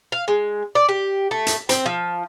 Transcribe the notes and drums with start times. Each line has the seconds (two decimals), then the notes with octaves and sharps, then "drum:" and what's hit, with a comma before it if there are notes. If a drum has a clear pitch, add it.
0.12 F5
0.28 G#3
0.75 D5
0.89 G4
1.31 A3
1.47 drum: hi-hat
1.69 C4, drum: hi-hat
1.86 F3